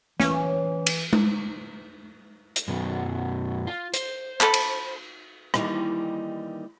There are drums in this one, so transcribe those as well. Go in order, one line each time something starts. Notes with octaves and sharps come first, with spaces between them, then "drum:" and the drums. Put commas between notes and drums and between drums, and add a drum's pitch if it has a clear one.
E3 C#4, drum: snare
drum: cymbal
drum: tom G#3
drum: hi-hat
F#2 B2 F#3
F4
C5, drum: hi-hat
A4 B5, drum: clap
drum: cymbal
D#3 E3 G3 A#3 D#4, drum: rim click